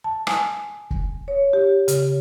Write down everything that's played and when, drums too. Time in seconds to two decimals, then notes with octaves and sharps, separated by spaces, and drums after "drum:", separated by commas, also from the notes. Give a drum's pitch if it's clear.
0.04 A5
0.27 G#5, drum: rim click
0.91 drum: kick
1.28 C#5
1.53 G4
1.88 C#3, drum: hi-hat